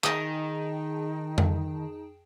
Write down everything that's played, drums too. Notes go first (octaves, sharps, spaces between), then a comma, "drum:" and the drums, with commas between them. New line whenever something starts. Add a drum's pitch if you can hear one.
D#3 D#4 G#4 D#5 G5 A5 D#6, drum: clap
drum: tom F2